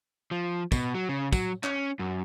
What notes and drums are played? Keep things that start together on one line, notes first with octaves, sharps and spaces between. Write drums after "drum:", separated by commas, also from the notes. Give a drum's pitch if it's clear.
F3
B2, drum: kick, tambourine
F#3
C#3
F#3, drum: kick, tambourine
C#4, drum: clap
F#2